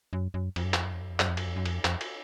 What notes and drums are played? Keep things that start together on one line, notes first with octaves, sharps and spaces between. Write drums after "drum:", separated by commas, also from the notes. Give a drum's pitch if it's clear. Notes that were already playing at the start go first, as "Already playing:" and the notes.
F#2
F#2
F2, drum: cymbal
F#2
F2, drum: clap
F#2
F2
F#2
F2
F#2, drum: clap
F2
F#2, drum: cymbal
F2
F#2
F2, drum: cymbal
F2, drum: clap
drum: cymbal